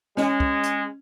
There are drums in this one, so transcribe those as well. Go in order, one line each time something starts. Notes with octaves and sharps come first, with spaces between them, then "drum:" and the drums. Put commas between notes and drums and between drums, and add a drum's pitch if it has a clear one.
G#3 C#4, drum: snare
drum: kick
drum: hi-hat